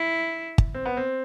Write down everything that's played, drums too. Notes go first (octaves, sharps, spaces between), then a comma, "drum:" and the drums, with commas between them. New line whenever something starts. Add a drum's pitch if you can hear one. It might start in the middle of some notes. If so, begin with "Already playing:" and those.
Already playing: E4
drum: kick
C4
B3
C4